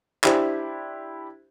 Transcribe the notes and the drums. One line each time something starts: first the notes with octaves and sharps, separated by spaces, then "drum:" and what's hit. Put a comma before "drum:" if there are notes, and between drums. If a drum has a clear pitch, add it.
D4 E4 G4 C5, drum: clap